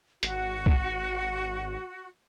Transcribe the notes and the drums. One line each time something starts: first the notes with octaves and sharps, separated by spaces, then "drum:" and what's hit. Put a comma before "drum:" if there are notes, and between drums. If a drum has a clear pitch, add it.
G#1 F#4, drum: hi-hat
drum: kick